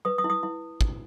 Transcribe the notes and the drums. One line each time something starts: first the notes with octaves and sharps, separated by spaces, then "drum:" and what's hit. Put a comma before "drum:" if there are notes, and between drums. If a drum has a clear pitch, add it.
B4 D#6
D#6
E4
D#6
E4
drum: kick